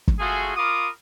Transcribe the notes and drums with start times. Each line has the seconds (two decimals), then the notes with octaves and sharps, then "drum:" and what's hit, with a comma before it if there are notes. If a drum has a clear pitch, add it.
0.08 drum: kick G1
0.19 A3 F4 F#4 G#4
0.56 F4 A#4 B5 D6 D#6